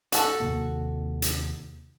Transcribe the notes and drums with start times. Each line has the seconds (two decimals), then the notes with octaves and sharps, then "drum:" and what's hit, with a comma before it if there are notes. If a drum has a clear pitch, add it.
0.12 F#4 A4, drum: hi-hat
0.40 D#2 C3 A#3
1.22 drum: hi-hat